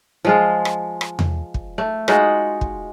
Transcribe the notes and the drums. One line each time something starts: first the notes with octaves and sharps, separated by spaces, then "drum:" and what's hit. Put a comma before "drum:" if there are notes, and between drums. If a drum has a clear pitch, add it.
F3 G#3 F4
drum: rim click
drum: rim click
drum: tom E2
drum: kick
A3
G#3 D#4 F4 F#4, drum: rim click
drum: kick